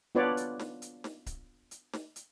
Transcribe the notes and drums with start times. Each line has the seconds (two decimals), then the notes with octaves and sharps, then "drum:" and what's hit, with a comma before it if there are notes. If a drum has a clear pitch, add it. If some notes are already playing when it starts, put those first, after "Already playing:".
0.15 B3 D4 F4 B4 C#5 D5
0.37 drum: hi-hat
0.59 drum: snare
0.82 drum: hi-hat
1.04 drum: snare
1.26 drum: kick C#1, hi-hat
1.71 drum: hi-hat
1.93 drum: snare
2.16 drum: hi-hat